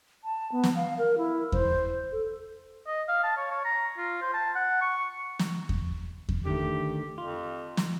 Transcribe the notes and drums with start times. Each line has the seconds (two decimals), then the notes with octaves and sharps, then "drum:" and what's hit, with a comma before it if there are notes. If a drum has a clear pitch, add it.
0.24 A5
0.52 B3
0.64 drum: snare
0.76 F5
0.98 A#4
1.18 E4
1.52 C5, drum: kick E2
2.12 A4
2.87 D#5
3.09 F5
3.24 A5
3.37 C#5
3.51 C#5
3.65 A#5
3.98 F4
4.22 C5
4.34 A5
4.56 F#5
4.82 C#6
5.39 drum: snare
5.69 drum: kick E2
6.29 drum: kick E2
6.45 D3 D#3 A3 G4
7.18 F2 F4
7.77 drum: snare